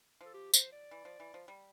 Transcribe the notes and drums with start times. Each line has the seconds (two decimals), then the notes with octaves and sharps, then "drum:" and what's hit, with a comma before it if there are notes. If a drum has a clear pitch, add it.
0.21 F3
0.26 A4
0.34 G4
0.54 C5, drum: tambourine
0.72 D5
0.91 E3
1.05 F3
1.20 E3
1.34 F3
1.48 G3